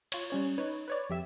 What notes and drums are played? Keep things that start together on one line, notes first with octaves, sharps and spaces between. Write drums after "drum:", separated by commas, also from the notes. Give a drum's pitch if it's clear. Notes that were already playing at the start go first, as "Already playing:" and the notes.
F4 C#5, drum: cymbal
G3 C#4 C#5
D#4 B4 C#5
B4 C#5 D5
F2 G4 E5 E7